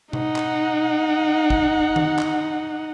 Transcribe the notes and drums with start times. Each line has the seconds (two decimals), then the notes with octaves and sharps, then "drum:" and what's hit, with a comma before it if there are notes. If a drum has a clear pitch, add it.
0.13 D#4 F#5, drum: tom B2
0.36 drum: clap
1.50 drum: kick
1.96 drum: tom D#3
2.19 drum: clap